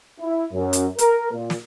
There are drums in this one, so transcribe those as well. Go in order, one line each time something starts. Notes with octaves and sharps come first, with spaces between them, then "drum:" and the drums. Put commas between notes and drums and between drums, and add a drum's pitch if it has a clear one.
E4
F#2
drum: hi-hat
A#4, drum: hi-hat
A#2
drum: snare